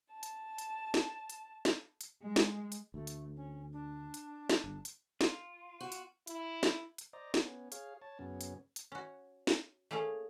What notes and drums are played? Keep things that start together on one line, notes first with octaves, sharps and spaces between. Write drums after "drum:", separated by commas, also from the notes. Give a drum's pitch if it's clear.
A5
drum: hi-hat
drum: hi-hat
drum: snare
drum: hi-hat
drum: snare
drum: hi-hat
G#3
drum: snare
drum: hi-hat
D2 A3
drum: hi-hat
C#4
D4
drum: hi-hat
drum: snare
G1
drum: hi-hat
F4, drum: snare
F#4
drum: hi-hat
E4, drum: hi-hat
drum: snare
drum: hi-hat
C5 D5 D#5 A#5
drum: snare
B3 C#4
G#4 C#5 F5, drum: hi-hat
C#5 A5
F#2 C#3 B3 C#4
drum: hi-hat
drum: hi-hat
C#4 F#4
drum: snare
A3 A#3 C#4 G#4 F5